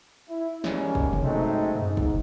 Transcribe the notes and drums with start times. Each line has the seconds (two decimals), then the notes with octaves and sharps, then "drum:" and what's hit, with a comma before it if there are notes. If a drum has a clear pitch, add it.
0.29 E4
0.64 G3 G#3 A#3 C#4, drum: snare
0.95 drum: kick
1.13 drum: tom B2
1.23 F#2 G#3 A3 C4 D#4
1.75 G#2, drum: tom F#2
1.97 drum: kick